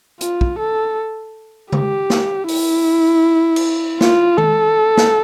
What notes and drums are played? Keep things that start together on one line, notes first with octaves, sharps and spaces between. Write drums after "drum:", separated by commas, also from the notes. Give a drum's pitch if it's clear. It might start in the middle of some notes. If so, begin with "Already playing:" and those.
F4, drum: hi-hat
drum: kick
A4
G4, drum: tom C#3
drum: snare
E4, drum: open hi-hat
drum: cymbal
F4, drum: snare
A4, drum: tom D#3
drum: snare